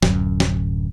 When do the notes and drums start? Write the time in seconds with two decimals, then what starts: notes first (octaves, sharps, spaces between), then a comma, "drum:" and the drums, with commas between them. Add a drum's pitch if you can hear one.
0.02 D1 F#2, drum: snare
0.40 drum: snare